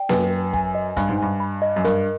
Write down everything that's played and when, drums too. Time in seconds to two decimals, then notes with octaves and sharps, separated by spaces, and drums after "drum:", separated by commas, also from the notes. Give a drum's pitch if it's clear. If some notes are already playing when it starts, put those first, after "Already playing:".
Already playing: D5 G5
0.09 F#2 B4, drum: snare A#3
0.31 B4
0.53 G#5, drum: kick
0.75 D#5
0.97 G2 G#5, drum: kick, hi-hat
1.09 G#2
1.18 G2 G#5
1.40 B5
1.62 D#5
1.76 F#2
1.85 G2 A#4, drum: hi-hat